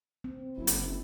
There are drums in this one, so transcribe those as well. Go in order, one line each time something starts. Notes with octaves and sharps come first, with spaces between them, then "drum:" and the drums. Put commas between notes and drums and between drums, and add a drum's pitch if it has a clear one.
C4
F#1 E4
drum: hi-hat